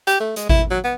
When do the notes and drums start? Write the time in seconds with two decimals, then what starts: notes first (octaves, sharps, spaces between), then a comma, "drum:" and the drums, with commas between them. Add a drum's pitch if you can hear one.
0.07 G4, drum: hi-hat
0.20 A3
0.36 G#3, drum: hi-hat
0.49 E4, drum: kick G#1
0.70 F#3
0.84 B3